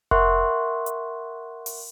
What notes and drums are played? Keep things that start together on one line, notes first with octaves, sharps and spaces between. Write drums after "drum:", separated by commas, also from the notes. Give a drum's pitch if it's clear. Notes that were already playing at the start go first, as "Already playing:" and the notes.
A#4 E5 F#5 C6 C#6 F#6, drum: kick F1
drum: hi-hat
drum: open hi-hat